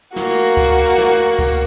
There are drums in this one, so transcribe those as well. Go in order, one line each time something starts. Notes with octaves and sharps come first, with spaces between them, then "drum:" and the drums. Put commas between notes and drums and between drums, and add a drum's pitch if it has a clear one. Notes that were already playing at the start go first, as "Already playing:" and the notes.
A#3 F#4, drum: snare
drum: cymbal
drum: kick C#2, cymbal
drum: cymbal
drum: snare
drum: cymbal
drum: kick C#2, cymbal